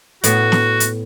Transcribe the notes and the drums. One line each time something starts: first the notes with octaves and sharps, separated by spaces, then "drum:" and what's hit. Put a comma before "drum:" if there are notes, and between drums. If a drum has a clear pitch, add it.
A2 B3 F#4, drum: hi-hat
drum: snare
drum: hi-hat